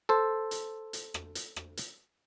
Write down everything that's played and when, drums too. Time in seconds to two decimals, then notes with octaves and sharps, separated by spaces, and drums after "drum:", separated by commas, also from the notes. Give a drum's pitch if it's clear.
0.09 A4 C5
0.51 drum: hi-hat
0.93 drum: hi-hat
1.14 drum: rim click
1.35 drum: hi-hat
1.56 drum: rim click
1.77 drum: hi-hat